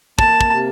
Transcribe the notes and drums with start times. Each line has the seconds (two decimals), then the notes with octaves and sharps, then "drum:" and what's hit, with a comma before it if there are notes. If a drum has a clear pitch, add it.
0.19 A#3 A5, drum: kick
0.41 drum: kick
0.51 C3